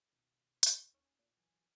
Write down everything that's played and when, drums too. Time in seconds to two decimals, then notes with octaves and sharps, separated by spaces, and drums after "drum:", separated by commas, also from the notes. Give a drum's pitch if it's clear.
0.13 B2 D#3
0.63 drum: hi-hat
0.93 D#2 C#4 D#4
1.19 A#2 D#7
1.37 E3 F#3 G#5